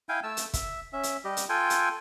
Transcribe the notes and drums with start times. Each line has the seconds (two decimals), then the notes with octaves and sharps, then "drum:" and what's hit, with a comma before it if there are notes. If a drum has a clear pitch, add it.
0.09 E4 F5 G5 G#5
0.23 A3 A5 E6
0.37 drum: hi-hat
0.53 E5, drum: kick, hi-hat
0.93 C#4 E5
1.03 drum: hi-hat
1.24 G3 G4 D#5
1.37 drum: hi-hat
1.49 F4 A4 G5 G#5
1.70 drum: hi-hat